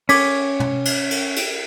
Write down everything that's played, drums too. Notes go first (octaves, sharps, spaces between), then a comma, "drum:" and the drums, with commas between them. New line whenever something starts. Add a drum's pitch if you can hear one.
C#4 D6 G#6 B6, drum: cymbal
drum: tom
drum: cymbal
drum: cymbal
drum: cymbal